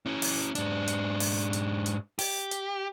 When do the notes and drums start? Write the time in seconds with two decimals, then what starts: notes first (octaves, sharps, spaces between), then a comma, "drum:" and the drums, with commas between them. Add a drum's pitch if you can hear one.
0.06 C#4 E4
0.22 drum: open hi-hat
0.55 G#2 D4, drum: hi-hat
0.88 drum: hi-hat
1.20 drum: open hi-hat
1.53 drum: hi-hat
1.86 drum: hi-hat
2.19 G4, drum: open hi-hat
2.51 drum: hi-hat